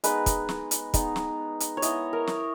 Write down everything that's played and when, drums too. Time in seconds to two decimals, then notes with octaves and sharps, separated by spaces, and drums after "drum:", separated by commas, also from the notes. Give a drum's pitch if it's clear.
0.04 G#3 B3 D#4 B4, drum: hi-hat
0.26 drum: kick, hi-hat
0.49 drum: snare
0.71 drum: hi-hat
0.94 G#3 B3 D#4, drum: kick, hi-hat
1.16 drum: snare
1.60 drum: hi-hat
1.77 C#5
1.82 G#3 B3 E4 D#5, drum: hi-hat
2.13 A#4
2.27 drum: snare